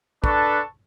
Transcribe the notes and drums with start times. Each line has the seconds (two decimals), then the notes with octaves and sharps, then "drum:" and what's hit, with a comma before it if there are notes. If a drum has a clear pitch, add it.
0.24 D4 A4 B4 A5 C#6, drum: kick